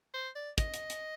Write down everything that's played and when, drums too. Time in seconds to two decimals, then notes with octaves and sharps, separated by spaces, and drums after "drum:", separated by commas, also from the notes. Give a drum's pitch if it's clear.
0.14 C5
0.35 D5
0.58 D#5, drum: kick, hi-hat
0.74 drum: hi-hat
0.90 drum: hi-hat